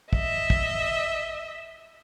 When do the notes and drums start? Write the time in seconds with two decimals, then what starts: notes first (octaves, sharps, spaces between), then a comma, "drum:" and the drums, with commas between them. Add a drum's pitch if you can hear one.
0.13 D#5 E5, drum: kick
0.50 drum: kick